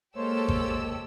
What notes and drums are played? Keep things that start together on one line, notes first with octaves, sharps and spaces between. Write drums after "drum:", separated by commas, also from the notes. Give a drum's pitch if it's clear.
G#3 A#3 G4 A4 C5 C#5 E6
drum: kick G#1